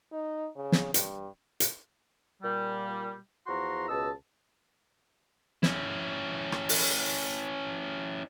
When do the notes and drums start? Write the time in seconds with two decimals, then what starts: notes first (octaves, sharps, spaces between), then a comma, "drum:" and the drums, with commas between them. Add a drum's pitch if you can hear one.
0.12 D#4
0.56 C#3
0.72 drum: snare
0.94 G2, drum: hi-hat
1.60 drum: hi-hat
2.42 A#2 G3
3.47 E2 F3 F#4 A#5 C6
3.89 C#2 B2 D#5 A5 E6
5.63 C#4 E4, drum: snare
6.52 drum: rim click
6.69 drum: open hi-hat